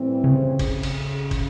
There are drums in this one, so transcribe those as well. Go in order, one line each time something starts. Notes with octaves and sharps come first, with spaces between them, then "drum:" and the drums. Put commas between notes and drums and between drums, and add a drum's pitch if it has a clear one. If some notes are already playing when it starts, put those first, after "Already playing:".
Already playing: A2 E3 G3 C4
C#3
drum: kick, cymbal
drum: cymbal
drum: kick, cymbal